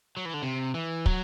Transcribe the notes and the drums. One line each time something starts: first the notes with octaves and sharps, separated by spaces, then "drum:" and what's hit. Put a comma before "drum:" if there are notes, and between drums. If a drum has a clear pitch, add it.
F#3
E3
D3
C3
E3
F#3, drum: kick